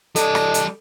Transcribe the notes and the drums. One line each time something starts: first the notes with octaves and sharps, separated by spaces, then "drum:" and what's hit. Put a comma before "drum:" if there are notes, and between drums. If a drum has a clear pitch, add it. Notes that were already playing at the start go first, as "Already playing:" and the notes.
G3 D4 A4 D#5, drum: hi-hat
drum: rim click
drum: hi-hat